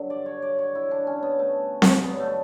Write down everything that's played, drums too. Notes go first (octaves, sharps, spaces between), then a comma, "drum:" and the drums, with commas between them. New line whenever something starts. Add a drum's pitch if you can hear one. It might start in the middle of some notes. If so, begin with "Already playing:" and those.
Already playing: G2 D3 F#3
D5
C#5
D5
C#5
E4
D4
C#4
B3
A3
drum: snare C4
G2 D3 F#3 B3
A3